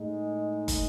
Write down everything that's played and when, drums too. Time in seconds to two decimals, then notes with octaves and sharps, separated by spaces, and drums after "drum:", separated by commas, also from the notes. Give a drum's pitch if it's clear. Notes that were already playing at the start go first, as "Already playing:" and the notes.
Already playing: A2 G#3 D#4
0.68 drum: kick, hi-hat